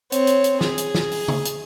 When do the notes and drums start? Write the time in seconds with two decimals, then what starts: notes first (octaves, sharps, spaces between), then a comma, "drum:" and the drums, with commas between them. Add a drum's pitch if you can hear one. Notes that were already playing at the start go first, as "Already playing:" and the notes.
0.12 C4 C#5, drum: hi-hat
0.27 drum: hi-hat
0.44 drum: hi-hat
0.61 G#4, drum: snare
0.78 drum: hi-hat
0.95 drum: snare
1.11 drum: open hi-hat
1.28 drum: tom C#3
1.45 drum: hi-hat